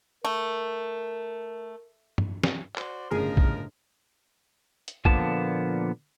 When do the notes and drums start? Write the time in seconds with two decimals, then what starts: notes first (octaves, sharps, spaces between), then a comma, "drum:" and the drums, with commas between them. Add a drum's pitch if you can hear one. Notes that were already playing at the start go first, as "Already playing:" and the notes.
0.25 A3 A#4
2.18 drum: tom G2
2.44 drum: snare
2.76 F#4 C5 D5, drum: clap
3.11 G1 A2 C#3 F3 G#3 G#4 A#4
3.37 drum: kick
4.88 drum: hi-hat
5.05 A#2 D3 F3 A#3 B3 A5, drum: kick